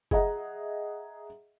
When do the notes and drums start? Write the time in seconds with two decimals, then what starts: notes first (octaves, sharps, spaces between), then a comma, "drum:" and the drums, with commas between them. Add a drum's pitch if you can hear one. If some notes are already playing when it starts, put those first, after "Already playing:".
0.11 G#4 D#5 E5 F#5 A#5, drum: kick F#1